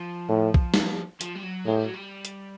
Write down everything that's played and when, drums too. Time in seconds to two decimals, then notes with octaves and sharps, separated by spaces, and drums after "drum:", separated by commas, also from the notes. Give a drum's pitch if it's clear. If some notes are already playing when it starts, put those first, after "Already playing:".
Already playing: F3
0.29 A2
0.54 drum: kick B1
0.74 drum: snare
1.21 F3, drum: hi-hat
1.35 G3
1.43 F#3
1.65 A2 G#3
1.76 G3
1.85 F#3
1.94 G3
2.25 drum: hi-hat